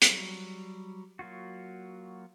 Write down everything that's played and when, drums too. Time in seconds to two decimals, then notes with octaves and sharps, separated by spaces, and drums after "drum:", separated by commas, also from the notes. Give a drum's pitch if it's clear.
0.02 F#3 G3, drum: hi-hat
1.19 F#3 A#3 F4 F#4